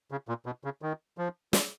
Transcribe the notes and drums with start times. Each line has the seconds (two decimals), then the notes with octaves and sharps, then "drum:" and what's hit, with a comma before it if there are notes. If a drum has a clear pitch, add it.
0.11 C#3
0.28 A#2
0.46 B2
0.64 C#3
0.82 D#3
1.18 F3
1.53 G#3, drum: snare